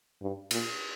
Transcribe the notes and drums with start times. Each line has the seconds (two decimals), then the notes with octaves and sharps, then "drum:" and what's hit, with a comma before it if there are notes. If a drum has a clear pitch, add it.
0.22 G2
0.51 A#2, drum: cymbal